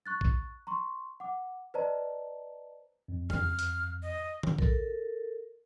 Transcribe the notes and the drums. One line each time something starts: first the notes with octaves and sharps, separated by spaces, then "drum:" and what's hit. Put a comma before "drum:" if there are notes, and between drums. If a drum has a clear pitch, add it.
C#6 F#6 A6
drum: kick A#1
A#5 C6 C#6
F#5 D6
B4 C5 D5 D#5 A5 A#5
F2
F6, drum: tom E2
drum: hi-hat
D#5
drum: tom D3
A4 A#4, drum: kick A#1